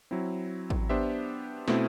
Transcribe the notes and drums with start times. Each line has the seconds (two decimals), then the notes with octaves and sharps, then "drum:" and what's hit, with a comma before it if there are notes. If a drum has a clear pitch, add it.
0.11 F#3 C4 E4
0.70 drum: kick
0.89 B3 D4 G4 C5 E5
1.68 B2 A3 C4 E4, drum: snare